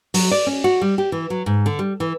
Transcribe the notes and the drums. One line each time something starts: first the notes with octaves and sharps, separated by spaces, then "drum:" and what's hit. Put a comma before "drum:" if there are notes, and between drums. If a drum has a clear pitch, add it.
F#3, drum: open hi-hat
D5
C#4
F#4
G3
G4
E3
F#3
G#2
D3
G3
E3